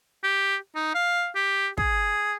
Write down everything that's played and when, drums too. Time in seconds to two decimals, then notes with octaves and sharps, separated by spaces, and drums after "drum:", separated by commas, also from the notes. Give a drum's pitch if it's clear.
0.23 G4
0.75 D#4
0.94 F5
1.35 G4
1.78 G#4, drum: kick